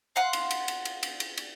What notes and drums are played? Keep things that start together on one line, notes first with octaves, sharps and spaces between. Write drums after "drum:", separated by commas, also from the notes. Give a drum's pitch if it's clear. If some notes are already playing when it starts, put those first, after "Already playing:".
F5 F#5 C6
drum: cymbal
drum: cymbal
drum: cymbal
drum: cymbal
drum: cymbal
drum: cymbal
drum: cymbal